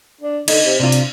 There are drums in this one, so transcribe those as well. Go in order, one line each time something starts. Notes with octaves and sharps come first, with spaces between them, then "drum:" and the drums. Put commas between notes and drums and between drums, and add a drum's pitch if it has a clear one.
D4
D3 D#4, drum: cymbal
C3
C3 D4 F4
drum: hi-hat